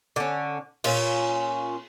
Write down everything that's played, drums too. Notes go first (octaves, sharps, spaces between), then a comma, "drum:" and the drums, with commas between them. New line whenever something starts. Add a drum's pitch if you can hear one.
D3 C#4
A#2 C#4 F4, drum: cymbal